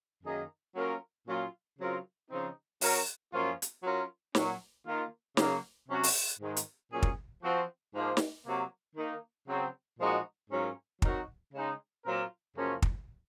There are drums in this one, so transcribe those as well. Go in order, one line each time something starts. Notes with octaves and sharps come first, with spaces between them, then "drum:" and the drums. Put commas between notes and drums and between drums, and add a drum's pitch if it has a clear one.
F#2 D#3 A#3 D#4 G#4
F#3 A#3 C#4 F4 A#4
A#2 F#3 C#4 F4
C#3 F#3 C4 F4 A#4
C#3 F3 C4 D#4
F#3 C#4 F#4 A#4, drum: open hi-hat
F#2 F3 A#3 C#4 F4
drum: hi-hat
F#3 C#4 F4 A#4
A#2 F#3 C#4, drum: snare
D#3 A#3 F4
C#3 F#3 A#3, drum: snare
C3 F#3 C#4 F#4
drum: open hi-hat
G#2 D#3 G#3
drum: hi-hat
A#2 F#3 C#4 G#4
drum: kick
F3 C4 F#4
G#2 F3 A#3
drum: snare
C3 F#3 A#3
D#3 A#3 D#4
C#3 F#3 C4
A#2 F3 G#3 D#4 F#4
G#2 F#3 C#4 F4 A#4
F#3 C4 D#4 F#4 A#4, drum: kick
C#3 G#3 D#4
A#2 F#3 C4 F4 A#4
F#2 C#3 F3 A#3 C#4
drum: kick